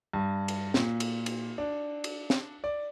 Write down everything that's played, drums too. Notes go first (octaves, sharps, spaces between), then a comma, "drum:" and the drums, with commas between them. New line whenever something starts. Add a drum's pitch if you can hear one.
G2
drum: cymbal
A#2, drum: snare
drum: cymbal
drum: cymbal
D4
drum: cymbal
drum: snare
D5